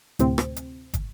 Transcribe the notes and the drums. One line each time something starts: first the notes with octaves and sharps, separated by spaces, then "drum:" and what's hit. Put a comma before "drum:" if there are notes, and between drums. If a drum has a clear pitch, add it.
D2 A2 C3 C4, drum: hi-hat
drum: rim click
drum: hi-hat
drum: kick, hi-hat